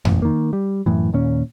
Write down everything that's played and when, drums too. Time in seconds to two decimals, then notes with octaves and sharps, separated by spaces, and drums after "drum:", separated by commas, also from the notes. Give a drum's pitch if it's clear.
0.05 E1 A1, drum: tom F2
0.22 D#3 A#3
0.53 G3
0.86 F#2 A2 E3
1.13 D#2 A#2 C#4